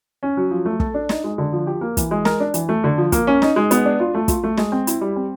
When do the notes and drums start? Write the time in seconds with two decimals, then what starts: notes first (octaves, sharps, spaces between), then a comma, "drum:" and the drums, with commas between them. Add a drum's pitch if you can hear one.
0.23 C#4
0.37 F#3
0.51 F3
0.65 A3
0.80 A4, drum: kick
0.94 D4
1.09 D#4, drum: snare
1.24 G#3
1.38 D3
1.53 F3
1.67 G4
1.81 A#3
1.97 E3, drum: kick, hi-hat
2.11 G#3
2.25 A#4, drum: snare
2.40 D4
2.54 E3, drum: hi-hat
2.69 A3
2.84 D3
2.98 F3
3.12 A#3, drum: kick, hi-hat
3.27 C#4
3.42 D#4, drum: snare
3.56 G#3
3.71 B3, drum: hi-hat
3.85 D4
4.00 F4
4.14 A3
4.28 F4, drum: kick, hi-hat
4.44 A3
4.57 G#3, drum: snare
4.72 C4
4.87 E4, drum: hi-hat
5.01 G3
5.16 C4